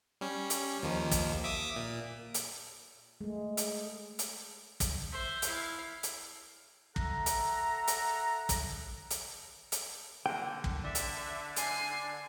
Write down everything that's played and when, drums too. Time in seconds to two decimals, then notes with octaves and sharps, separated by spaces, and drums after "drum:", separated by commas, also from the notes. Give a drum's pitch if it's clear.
0.21 G3 C#4
0.50 drum: hi-hat
0.83 D#2 D#3 F3
1.11 drum: kick, hi-hat
1.44 E5 D6 D#6
1.76 A#2
2.34 drum: hi-hat
3.21 G#3 A3
3.57 drum: hi-hat
4.19 drum: hi-hat
4.80 drum: kick, hi-hat
5.12 C5 E5
5.42 E4 F5, drum: hi-hat
6.03 drum: hi-hat
6.96 A4 E5 F#5 A#5, drum: kick
7.26 drum: hi-hat
7.87 drum: hi-hat
8.49 drum: kick, hi-hat
9.10 drum: hi-hat
9.72 drum: hi-hat
10.26 D3 A#3 G5
10.64 drum: kick
10.84 D5 E5
10.95 drum: hi-hat
11.56 G#5 C7, drum: hi-hat